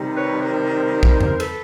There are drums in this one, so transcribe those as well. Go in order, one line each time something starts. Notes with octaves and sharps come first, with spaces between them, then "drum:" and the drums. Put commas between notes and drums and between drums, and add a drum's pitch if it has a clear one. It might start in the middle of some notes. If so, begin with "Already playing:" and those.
Already playing: C3 D#3 G3
B4 C#5
A#4 C5
drum: kick A#1
drum: tom E2
A4 B4, drum: cymbal